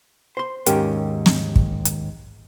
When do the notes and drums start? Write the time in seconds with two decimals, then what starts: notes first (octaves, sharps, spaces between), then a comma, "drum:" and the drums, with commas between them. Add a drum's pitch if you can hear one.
0.37 C5 C6
0.66 D#2 G#2 C#4 G4 A#4, drum: hi-hat
1.26 drum: snare
1.56 drum: kick
1.85 drum: hi-hat